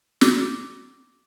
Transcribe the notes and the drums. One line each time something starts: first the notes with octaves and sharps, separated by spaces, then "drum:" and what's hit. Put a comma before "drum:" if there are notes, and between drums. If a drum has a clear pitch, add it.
D6, drum: snare